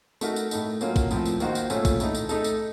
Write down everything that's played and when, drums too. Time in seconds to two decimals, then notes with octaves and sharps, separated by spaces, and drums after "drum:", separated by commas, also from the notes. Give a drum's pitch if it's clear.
0.21 A3 D#4 F#4 A#4, drum: tambourine
0.36 drum: tambourine
0.51 A2 A3 D#4, drum: tambourine
0.81 F#3 A#3 C#4 F4, drum: tambourine
0.96 drum: kick, tambourine
1.11 A2 F3 C4, drum: tambourine
1.25 drum: tambourine
1.40 D#3 A#3 D#4 F#4 C5, drum: tambourine
1.55 drum: tambourine
1.70 A#2 A3 C#4 F4 A4, drum: tambourine
1.85 drum: kick, tambourine
2.00 A2 A3 D#4, drum: tambourine
2.15 drum: tambourine
2.29 A3 D#4 A4, drum: tambourine
2.44 drum: tambourine